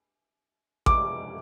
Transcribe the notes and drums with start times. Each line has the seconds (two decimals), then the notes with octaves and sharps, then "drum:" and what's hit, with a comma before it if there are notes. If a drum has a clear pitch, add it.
0.86 D6, drum: kick A1